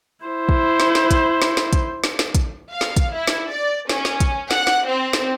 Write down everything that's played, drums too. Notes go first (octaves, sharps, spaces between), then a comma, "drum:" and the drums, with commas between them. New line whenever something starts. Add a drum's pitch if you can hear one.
E4 C5
drum: kick
drum: snare
drum: snare
drum: kick, hi-hat
drum: snare
drum: snare
drum: kick, hi-hat
drum: snare
drum: snare
drum: kick, hi-hat
F5
drum: snare
drum: kick, hi-hat
E4
drum: snare
D5
C#4, drum: snare
drum: snare
drum: kick, hi-hat
F#5, drum: snare
drum: snare
C4
drum: snare